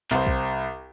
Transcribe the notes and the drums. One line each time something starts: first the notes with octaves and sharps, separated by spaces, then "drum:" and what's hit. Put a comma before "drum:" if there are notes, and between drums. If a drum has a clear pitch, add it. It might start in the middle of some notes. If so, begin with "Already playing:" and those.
C2 C5, drum: clap
drum: kick